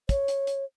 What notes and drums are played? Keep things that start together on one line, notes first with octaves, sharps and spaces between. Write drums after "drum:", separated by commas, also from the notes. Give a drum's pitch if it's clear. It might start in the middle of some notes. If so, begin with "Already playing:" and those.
C#5, drum: kick, hi-hat
drum: hi-hat
drum: hi-hat